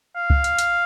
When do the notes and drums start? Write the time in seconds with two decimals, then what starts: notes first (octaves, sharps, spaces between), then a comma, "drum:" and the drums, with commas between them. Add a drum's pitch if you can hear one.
0.16 F5
0.30 drum: kick
0.44 drum: hi-hat
0.59 drum: hi-hat